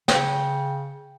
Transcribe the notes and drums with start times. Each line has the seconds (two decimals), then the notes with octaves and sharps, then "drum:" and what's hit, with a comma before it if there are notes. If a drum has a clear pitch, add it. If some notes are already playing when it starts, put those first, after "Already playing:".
0.08 C#3 G5, drum: snare